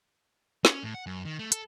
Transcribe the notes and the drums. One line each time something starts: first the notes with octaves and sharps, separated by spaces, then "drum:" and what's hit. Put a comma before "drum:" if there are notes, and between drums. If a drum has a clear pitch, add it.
C#4, drum: snare
A2
F#5
F#2
D#3
A3
A4, drum: hi-hat